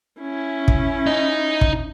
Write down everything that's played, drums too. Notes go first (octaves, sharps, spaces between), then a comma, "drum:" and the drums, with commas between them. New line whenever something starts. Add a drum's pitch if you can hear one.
C#4 E4
drum: kick
D#4 D#5
drum: kick